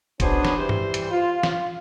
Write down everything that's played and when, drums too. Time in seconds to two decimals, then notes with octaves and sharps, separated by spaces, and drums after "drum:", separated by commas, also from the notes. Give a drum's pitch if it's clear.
0.20 B3 C#4 D4 F#4 G#4 C5, drum: kick A#1, hi-hat
0.45 drum: snare
0.57 E3 G3 C5
0.69 drum: tom G2
0.94 drum: hi-hat
1.11 F4
1.43 drum: snare